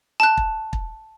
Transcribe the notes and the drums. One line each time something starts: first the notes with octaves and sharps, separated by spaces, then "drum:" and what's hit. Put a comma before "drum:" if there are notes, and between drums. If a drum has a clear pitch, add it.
A5 F#6
drum: kick
drum: kick